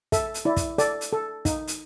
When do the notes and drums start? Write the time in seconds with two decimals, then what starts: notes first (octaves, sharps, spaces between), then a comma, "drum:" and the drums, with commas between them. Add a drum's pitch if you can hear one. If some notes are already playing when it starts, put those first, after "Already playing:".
0.12 A4 E5, drum: kick, hi-hat
0.34 drum: hi-hat
0.45 E4 D5
0.56 drum: kick, hi-hat
0.78 A4 D5, drum: hi-hat
1.01 drum: hi-hat
1.13 A4
1.45 D#4, drum: kick, hi-hat
1.68 drum: hi-hat